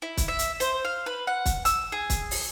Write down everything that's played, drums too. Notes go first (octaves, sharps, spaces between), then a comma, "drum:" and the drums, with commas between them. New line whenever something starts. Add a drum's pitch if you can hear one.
E4
drum: kick, hi-hat
E5
drum: hi-hat
C5, drum: hi-hat
F5
B4
F#5
drum: kick, hi-hat
E6, drum: hi-hat
G#4
drum: kick, hi-hat
drum: open hi-hat